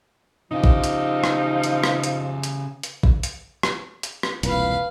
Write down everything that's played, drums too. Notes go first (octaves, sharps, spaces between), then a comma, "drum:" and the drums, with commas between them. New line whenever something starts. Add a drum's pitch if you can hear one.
C#3 F3 D#4 G4
drum: kick A1
drum: hi-hat
drum: rim click
drum: hi-hat
drum: rim click
drum: hi-hat
drum: hi-hat
drum: hi-hat
drum: kick A1
drum: hi-hat
drum: rim click
drum: hi-hat
drum: rim click
E1 C2 A#2 B4 F5, drum: hi-hat